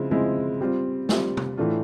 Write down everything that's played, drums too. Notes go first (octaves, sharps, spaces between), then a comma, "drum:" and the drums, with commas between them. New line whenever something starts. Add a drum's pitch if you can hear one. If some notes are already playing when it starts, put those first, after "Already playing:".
Already playing: C#3 F3 G#3 C4 E4
C#3 F3 G#3 C4 E4
G3 C4 F4
G3 C4 F4, drum: snare A3
drum: tom C3
A2 E3 A3 D4 F4